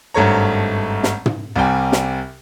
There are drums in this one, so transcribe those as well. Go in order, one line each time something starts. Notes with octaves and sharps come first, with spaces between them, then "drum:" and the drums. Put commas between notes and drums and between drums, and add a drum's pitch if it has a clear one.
G#1 G2 A3 C#5 A#5
drum: snare
drum: tom
C2 C3 G3 G5 G#5
drum: snare